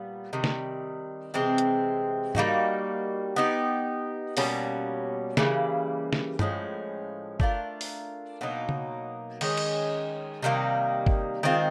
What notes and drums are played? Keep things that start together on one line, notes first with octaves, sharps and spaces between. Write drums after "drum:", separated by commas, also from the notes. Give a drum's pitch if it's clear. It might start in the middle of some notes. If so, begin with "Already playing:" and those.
Already playing: A#2 G3 B3
C3 D#3 G3
drum: snare
C3 E3 G#3 C4
drum: hi-hat
G3 A#3 D#4 F#4, drum: tom G#2
B3 D#4 G4
B2 G3 A#3 C#4, drum: open hi-hat
C#3 E3 G3 A#3, drum: snare
drum: snare
A2 F3 G#3 C#4, drum: tom G2
A3 D4 F4 A#4, drum: kick
drum: open hi-hat
B2 F#3 A#3 D#4
drum: tom C#3
D#3 G#3 C#4, drum: cymbal
drum: cymbal
C3 D#3 G3 A#3
drum: kick
D#3 G#3 C4 F4